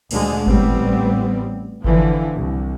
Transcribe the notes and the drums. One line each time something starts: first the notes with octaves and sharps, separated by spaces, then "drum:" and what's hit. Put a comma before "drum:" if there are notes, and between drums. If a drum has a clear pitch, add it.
D2 A#2 D3 G#3, drum: cymbal
A1 A2 G3 B3 C4, drum: kick G1
D3 E3 F3, drum: kick G1
C2